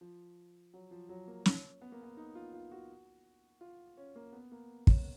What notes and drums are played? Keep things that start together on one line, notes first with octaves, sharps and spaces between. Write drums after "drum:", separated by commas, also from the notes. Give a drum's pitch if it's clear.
F3
F#3
F3
F#3
A#3
C#4, drum: snare
B3
A#3
B3
D#4
F4
F4
F#4
F4
C#4
A#3
B3
A#3
C#4, drum: kick